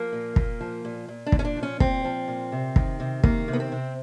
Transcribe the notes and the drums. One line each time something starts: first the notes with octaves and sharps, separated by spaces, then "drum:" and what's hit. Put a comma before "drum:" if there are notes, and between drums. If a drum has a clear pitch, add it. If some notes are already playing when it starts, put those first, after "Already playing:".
Already playing: F3 A#3
A#2
A#2, drum: kick
F3
A#2
A#2
D4
A#2, drum: kick
C#4
D4
F3
C#4
A#2 C4, drum: kick
F3
A#2
C3
D#3, drum: kick
C3
D#3 A#3, drum: kick
C3
B3
C4
C3